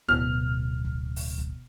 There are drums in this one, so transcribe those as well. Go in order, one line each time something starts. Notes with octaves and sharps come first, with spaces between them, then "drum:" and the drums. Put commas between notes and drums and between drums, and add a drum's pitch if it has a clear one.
D1 B2 F6
drum: kick
drum: open hi-hat
drum: kick